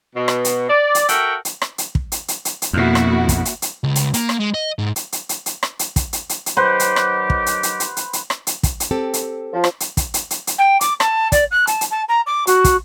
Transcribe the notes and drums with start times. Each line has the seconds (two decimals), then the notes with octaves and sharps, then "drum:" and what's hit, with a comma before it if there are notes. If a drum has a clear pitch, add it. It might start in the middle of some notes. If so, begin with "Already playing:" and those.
0.16 B2
0.28 drum: rim click
0.45 drum: hi-hat
0.70 D5
0.95 drum: hi-hat
1.08 F#4 A4 A#4 E5 F#5 G5, drum: hi-hat
1.45 drum: hi-hat
1.62 drum: rim click
1.78 drum: hi-hat
1.95 drum: kick
2.12 drum: hi-hat
2.28 drum: hi-hat
2.45 drum: hi-hat
2.62 drum: hi-hat
2.73 F2 B2 A#3 E4 F#4
2.95 drum: rim click
3.29 drum: kick, hi-hat
3.45 drum: hi-hat
3.62 drum: hi-hat
3.84 C#2
3.95 drum: hi-hat
4.14 A#3, drum: hi-hat
4.29 drum: rim click
4.40 G#3
4.54 D#5
4.79 G#2
4.96 drum: hi-hat
5.12 drum: hi-hat
5.29 drum: hi-hat
5.46 drum: hi-hat
5.63 drum: rim click
5.79 drum: hi-hat
5.96 drum: kick, hi-hat
6.13 drum: hi-hat
6.29 drum: hi-hat
6.46 drum: hi-hat
6.57 D#3 F#3 G4 B4 C5 F#5
6.80 drum: hi-hat
6.96 drum: rim click
7.30 drum: kick
7.46 drum: hi-hat
7.63 drum: hi-hat
7.80 drum: hi-hat
7.97 drum: hi-hat
8.13 drum: hi-hat
8.30 drum: rim click
8.47 drum: hi-hat
8.63 drum: kick, hi-hat
8.80 drum: hi-hat
8.91 C4 G4 A4
9.14 drum: hi-hat
9.53 F3
9.64 drum: rim click
9.80 drum: hi-hat
9.97 drum: kick, hi-hat
10.14 drum: hi-hat
10.31 drum: hi-hat
10.47 drum: hi-hat
10.58 G5
10.81 D6, drum: hi-hat
11.00 A5, drum: rim click
11.32 D5, drum: kick, hi-hat
11.51 F#6
11.67 A5, drum: hi-hat
11.81 drum: hi-hat
11.91 A5
12.09 A#5
12.27 D6
12.47 F#4, drum: hi-hat
12.64 drum: kick, hi-hat